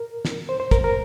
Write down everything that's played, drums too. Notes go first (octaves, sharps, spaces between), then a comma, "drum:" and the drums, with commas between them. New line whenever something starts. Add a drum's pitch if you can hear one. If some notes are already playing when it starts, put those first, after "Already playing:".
Already playing: A#4
drum: snare
C5
C5
A#4, drum: kick, hi-hat
A#4